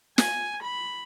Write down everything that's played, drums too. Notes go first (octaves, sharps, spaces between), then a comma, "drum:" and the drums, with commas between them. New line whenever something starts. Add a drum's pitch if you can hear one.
G#5, drum: snare
B5